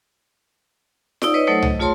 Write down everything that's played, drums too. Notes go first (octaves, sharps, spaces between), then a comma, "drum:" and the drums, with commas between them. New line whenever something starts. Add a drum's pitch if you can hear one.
D#4 D5 E6, drum: snare F4
B4 C#5 D#5
F#3 A3 D#4 A4 C5 F#5
D#5, drum: tom C2
A3 F4 G#4 C#5 A5 C6